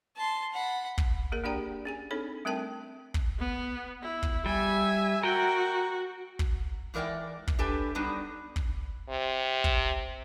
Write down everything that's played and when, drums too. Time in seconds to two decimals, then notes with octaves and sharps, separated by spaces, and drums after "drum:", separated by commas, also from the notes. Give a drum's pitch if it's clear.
0.16 A5 C6
0.53 F#5 B5
0.98 drum: kick
1.32 A#3 G#4 A#4
1.44 A#3 D4 G4 D5 G5 A#5
1.85 C#4 G#4 G#5
2.11 C4 D4 D#4 A4 C#5
2.45 G3 A3 C4 A#4 G5 A5
3.14 drum: kick
3.39 B3
4.02 E4
4.23 drum: kick
4.46 G3 E5 G#5
5.23 F#4 A#4 G5
6.39 drum: kick
6.94 G#2 E3 A#4 D5 F#5 G5
7.47 drum: kick
7.59 D4 G4 A4 B4 G#5
7.95 F#3 G3 B3 D4 D#4 F#4
8.56 drum: kick
9.09 C3
9.64 drum: kick